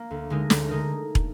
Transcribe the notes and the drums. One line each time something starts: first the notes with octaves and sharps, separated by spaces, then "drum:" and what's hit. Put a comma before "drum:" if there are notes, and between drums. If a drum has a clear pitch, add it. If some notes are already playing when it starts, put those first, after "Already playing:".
Already playing: A#3
D2
D3 G#3 D#4 A#4
D2, drum: snare
D3 G#3 D#4 A#4
drum: kick